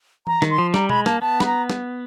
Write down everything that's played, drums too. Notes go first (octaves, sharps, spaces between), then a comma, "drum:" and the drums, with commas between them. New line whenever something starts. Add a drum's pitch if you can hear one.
A#5, drum: tom E3
D#3, drum: snare
C6
F3
G3 A#5, drum: snare
G#3 B5, drum: tom B2
A#3 A5, drum: snare
B3 A5
B5, drum: snare
A#5
drum: snare